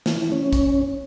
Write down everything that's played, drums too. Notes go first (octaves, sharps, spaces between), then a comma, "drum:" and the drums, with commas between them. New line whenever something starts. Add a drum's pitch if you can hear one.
E3, drum: snare
C#4
drum: kick, hi-hat